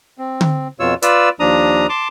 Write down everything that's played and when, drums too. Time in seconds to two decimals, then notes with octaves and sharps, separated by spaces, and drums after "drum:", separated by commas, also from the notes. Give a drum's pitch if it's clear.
0.18 C4
0.41 drum: tom D3
0.80 F2 B2 F4 C#5 E6
1.02 F4 B4 D5 E6, drum: hi-hat
1.40 D#2 F3 D4 A#5 D#6
1.89 A5 C6 D6